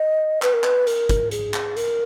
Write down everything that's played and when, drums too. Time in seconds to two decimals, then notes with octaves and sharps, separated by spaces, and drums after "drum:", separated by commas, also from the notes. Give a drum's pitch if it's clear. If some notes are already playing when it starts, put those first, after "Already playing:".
Already playing: D#5
0.42 B4, drum: clap
0.53 A#4
0.64 B4, drum: clap
0.87 A#4, drum: hi-hat
1.09 drum: kick, hi-hat
1.31 G#4, drum: hi-hat
1.54 drum: clap
1.77 A#4, drum: hi-hat